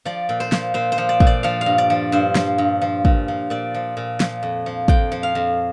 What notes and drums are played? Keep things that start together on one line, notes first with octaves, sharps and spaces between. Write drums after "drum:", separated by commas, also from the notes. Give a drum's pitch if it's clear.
F3 D5
A#2
C5
F3, drum: snare
A#2 C5
C5
F3
D5
A#2, drum: kick
D5
F3 F5
F5
G2
D5
F3
G2 C5
F3, drum: snare
G2
F3
A#2, drum: kick
F3
A#2 D5
F3
A#2
F3, drum: snare
F2
F3
F2 G5, drum: kick
F3
F5
F2